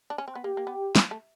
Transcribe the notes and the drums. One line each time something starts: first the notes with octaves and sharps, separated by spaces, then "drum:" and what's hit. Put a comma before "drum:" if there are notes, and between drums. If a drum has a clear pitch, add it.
D4
C#4
C4
B3
A#3 G4
A#3
B3
drum: snare
A3